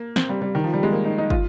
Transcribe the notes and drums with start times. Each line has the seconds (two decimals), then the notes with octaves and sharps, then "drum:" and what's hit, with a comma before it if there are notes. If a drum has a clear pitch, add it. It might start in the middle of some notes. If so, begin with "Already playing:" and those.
Already playing: A#3
0.16 C4, drum: snare
0.29 G3
0.42 G3
0.55 D#3
0.64 F3
0.74 G3
0.83 G#3
0.92 A#3
1.05 D#4
1.18 D#4
1.30 F4, drum: kick